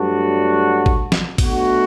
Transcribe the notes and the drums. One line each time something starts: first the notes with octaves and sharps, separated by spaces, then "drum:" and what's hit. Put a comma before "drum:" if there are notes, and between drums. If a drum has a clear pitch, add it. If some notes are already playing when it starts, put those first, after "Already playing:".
Already playing: G2 F#3 A3 D4 F#4
drum: kick G#1
drum: snare
B2 A3 D4 F#4, drum: kick G#1, cymbal